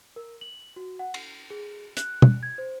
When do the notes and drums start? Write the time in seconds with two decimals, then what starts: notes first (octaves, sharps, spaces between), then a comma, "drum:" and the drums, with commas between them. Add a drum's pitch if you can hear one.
0.16 A#4
0.41 F#7
0.76 F#4
0.99 F#5
1.14 C7, drum: cymbal
1.50 G#4
1.97 F#6, drum: hi-hat
2.22 drum: tom B2
2.43 G#6
2.58 C5